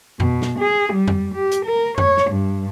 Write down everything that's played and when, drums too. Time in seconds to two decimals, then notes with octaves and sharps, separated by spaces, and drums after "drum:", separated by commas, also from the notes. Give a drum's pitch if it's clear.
0.20 B2, drum: tom F2
0.42 drum: snare
0.59 G#4
0.93 G3
1.08 drum: tom F2
1.35 G4
1.51 drum: hi-hat
1.66 A#4
1.98 C#5, drum: tom F2
2.17 drum: snare
2.31 G2